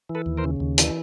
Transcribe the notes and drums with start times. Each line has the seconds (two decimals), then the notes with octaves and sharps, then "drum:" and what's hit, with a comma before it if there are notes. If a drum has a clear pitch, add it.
0.09 E3
0.15 A4 B4
0.26 D#2
0.38 A#4 C5
0.44 C#3
0.60 D#2
0.78 E3, drum: hi-hat